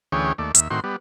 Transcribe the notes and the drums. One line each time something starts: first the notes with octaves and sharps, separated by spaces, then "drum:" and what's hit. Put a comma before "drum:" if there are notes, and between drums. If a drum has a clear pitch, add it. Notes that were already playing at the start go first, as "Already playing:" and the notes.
D2 E3 C#4 G#4 C#5 G5
D#2 A3 D5
D#2 E5, drum: hi-hat
A2 D#3 C4 F#4 C6
G3 B3